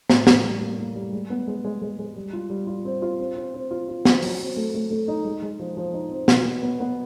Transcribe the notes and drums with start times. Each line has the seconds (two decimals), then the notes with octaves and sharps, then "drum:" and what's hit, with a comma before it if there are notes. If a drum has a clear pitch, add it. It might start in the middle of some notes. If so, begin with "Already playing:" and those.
0.10 A2, drum: snare
0.27 A#3, drum: snare
0.44 G3
0.62 A#3
0.79 A#3
0.95 G3
1.13 G#3
1.30 B3
1.48 G#3
1.64 G#3
1.82 G#3
1.99 G#3
2.16 G3
2.33 F4
2.50 G3
2.67 F4
2.85 C4
3.02 F4
3.19 C4
3.36 C4
3.54 C4
3.71 F4
3.88 F4
4.05 C4, drum: snare
4.22 F#3, drum: open hi-hat
4.40 C4
4.57 A3
4.74 A3
4.91 A3
5.08 D#4
5.25 G#3
5.42 G#3
5.60 F3
5.77 F3
5.93 D#4
6.11 C4
6.28 B2, drum: snare
6.45 B3
6.62 B3
6.80 B3